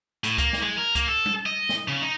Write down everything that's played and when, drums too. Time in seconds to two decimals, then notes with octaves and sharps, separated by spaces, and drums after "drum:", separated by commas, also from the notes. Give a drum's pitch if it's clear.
0.24 A2, drum: hi-hat
0.38 A#3, drum: kick C#2, hi-hat
0.53 drum: snare
0.62 G#3
0.78 A#4
0.95 A#3, drum: kick C#2, hi-hat
1.08 A4
1.26 drum: tom G3
1.46 D#5
1.69 drum: snare
1.88 C#3
2.02 D#4